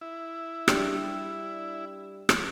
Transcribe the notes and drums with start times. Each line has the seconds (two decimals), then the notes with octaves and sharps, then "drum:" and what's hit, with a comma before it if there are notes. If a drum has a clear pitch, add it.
0.01 E4
0.68 G3 D4 G4, drum: rim click
2.29 drum: rim click